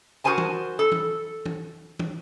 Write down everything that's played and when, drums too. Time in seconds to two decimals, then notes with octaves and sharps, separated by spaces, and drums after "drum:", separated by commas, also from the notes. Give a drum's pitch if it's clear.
0.24 F#4 A4 A#4 C5 G#5 A5
0.38 drum: tom
0.79 A4
0.92 drum: tom
1.46 drum: tom
1.99 drum: tom